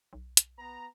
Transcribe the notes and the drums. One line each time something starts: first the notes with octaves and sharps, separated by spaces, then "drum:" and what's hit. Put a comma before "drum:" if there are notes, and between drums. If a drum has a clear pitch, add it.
B1
drum: hi-hat
B3 A#5